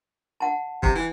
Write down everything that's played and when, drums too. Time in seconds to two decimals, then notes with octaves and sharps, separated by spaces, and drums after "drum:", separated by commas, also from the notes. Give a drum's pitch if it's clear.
0.40 F#5 A5
0.83 C3, drum: kick
0.95 E3